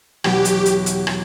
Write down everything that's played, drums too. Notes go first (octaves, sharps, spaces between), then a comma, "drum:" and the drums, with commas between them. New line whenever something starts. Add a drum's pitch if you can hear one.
E2 B2 F#3 B3 G4, drum: rim click
drum: hi-hat
drum: hi-hat
drum: hi-hat
drum: rim click